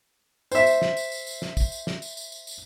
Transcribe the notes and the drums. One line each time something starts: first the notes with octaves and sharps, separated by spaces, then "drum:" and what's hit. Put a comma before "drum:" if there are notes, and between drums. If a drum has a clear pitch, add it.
C5 E5, drum: tambourine
drum: tambourine
drum: snare
drum: tambourine
drum: tambourine
drum: tambourine
drum: snare
drum: kick, tambourine
drum: tambourine
drum: snare
drum: tambourine
drum: tambourine
drum: tambourine
drum: tambourine